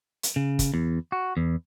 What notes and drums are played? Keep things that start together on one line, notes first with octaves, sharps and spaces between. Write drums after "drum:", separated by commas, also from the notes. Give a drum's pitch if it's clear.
drum: hi-hat
C#3
drum: kick, hi-hat
E2
F#4
E2